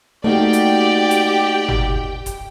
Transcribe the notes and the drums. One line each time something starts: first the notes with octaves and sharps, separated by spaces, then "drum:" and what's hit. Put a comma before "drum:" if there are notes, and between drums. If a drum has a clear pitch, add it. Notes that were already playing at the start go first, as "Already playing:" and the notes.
A3 A#3 D#4 F#4 G4 D5 G5
drum: hi-hat
drum: hi-hat
drum: tom G1
drum: kick D#1, hi-hat